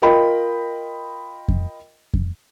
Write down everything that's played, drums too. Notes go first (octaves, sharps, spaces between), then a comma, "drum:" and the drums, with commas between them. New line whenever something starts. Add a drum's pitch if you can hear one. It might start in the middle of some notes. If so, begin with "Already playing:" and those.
F4 A#4 D#5 G5 B5
drum: kick F2
drum: kick F2